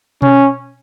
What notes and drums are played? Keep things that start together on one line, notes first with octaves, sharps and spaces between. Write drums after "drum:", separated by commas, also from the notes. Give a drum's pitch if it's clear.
C#4, drum: tom B2